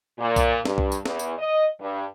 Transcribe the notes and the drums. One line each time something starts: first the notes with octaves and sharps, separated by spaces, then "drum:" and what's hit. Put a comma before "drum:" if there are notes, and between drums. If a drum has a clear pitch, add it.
A#2
drum: kick B1, tambourine
G2, drum: snare
drum: kick B1
drum: tambourine
E2, drum: snare
drum: tambourine
D#5
G2